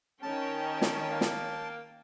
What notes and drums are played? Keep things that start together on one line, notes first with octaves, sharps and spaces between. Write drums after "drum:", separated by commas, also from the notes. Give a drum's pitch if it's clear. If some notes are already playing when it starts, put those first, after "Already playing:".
D#3 C#4 G5 A5
drum: snare
A#3
drum: snare